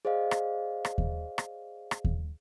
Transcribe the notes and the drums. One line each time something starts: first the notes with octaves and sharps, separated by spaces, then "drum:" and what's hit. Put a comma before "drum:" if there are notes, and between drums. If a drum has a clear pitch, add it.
G#4 C5 D5 D#5 F5
drum: rim click
drum: rim click
drum: kick D#2
drum: rim click
drum: rim click
drum: kick D#2